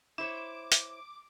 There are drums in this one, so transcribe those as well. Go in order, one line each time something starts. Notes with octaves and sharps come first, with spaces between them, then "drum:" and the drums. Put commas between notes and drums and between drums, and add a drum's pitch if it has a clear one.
E4 C5 C#5 D6 E7
drum: hi-hat